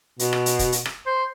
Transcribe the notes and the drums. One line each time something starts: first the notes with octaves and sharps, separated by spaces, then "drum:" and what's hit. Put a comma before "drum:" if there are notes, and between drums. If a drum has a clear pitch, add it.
B2, drum: hi-hat
drum: rim click
drum: hi-hat
drum: kick, hi-hat
drum: hi-hat
drum: rim click
C5